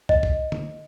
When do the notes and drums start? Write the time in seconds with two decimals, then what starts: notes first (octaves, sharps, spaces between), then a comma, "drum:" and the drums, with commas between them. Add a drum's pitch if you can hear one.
0.09 D#5, drum: kick
0.23 drum: kick
0.52 drum: tom